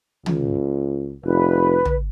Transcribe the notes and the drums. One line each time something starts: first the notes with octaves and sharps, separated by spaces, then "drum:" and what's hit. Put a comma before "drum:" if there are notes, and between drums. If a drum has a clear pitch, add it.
C#2, drum: tom
F1 B4
drum: tom